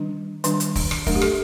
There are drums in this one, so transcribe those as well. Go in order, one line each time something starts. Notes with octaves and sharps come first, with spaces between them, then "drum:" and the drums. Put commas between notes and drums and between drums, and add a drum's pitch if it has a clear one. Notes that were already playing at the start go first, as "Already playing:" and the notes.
Already playing: D#3 G3 D4
D#3 G3 D4, drum: hi-hat
drum: hi-hat
drum: kick, open hi-hat
drum: rim click
F#3 A3 D4 A#4, drum: kick, open hi-hat
G4
A4, drum: rim click